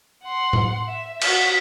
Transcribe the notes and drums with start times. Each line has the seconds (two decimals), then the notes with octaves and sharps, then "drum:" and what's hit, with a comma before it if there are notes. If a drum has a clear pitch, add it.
0.23 F#5 C6
0.53 drum: tom A2
0.88 E5
1.22 F#4 B6, drum: cymbal